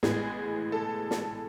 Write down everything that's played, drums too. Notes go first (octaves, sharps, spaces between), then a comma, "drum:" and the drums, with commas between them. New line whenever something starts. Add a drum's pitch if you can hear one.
A1 A2 G#3 B3 G#4, drum: snare
A4
drum: snare